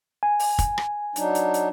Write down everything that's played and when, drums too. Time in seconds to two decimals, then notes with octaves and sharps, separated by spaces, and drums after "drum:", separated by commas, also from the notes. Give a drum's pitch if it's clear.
0.23 G#5
0.39 drum: open hi-hat
0.59 drum: kick, hi-hat
0.78 drum: rim click
1.16 F#3 D4 D#4, drum: hi-hat
1.35 drum: hi-hat
1.54 drum: hi-hat